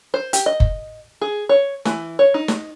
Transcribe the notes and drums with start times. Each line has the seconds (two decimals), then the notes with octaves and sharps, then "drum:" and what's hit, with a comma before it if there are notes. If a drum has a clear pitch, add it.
0.14 C5
0.33 G4, drum: hi-hat
0.46 D#5
0.60 drum: kick F#1
1.21 G#4
1.49 C#5
1.85 E3, drum: snare
2.19 C#5
2.34 D#4
2.48 drum: snare